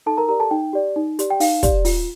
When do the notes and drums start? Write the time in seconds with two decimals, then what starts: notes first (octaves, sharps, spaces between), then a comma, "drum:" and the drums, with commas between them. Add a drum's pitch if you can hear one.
0.06 D#4 A4 A5
0.17 A#4 A#5
0.29 G4 A#4 D5 A#5
0.40 A4 A5
0.51 D#4 G5
0.73 G4 D5
0.96 D#4
1.19 G4 D5, drum: hi-hat
1.30 G5
1.40 D#4 F5, drum: open hi-hat
1.63 G4 D5, drum: kick, hi-hat
1.85 F4, drum: open hi-hat